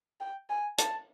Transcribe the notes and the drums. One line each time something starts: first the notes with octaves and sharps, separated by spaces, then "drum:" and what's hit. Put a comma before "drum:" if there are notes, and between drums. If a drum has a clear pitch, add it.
G5
G#5
A5, drum: hi-hat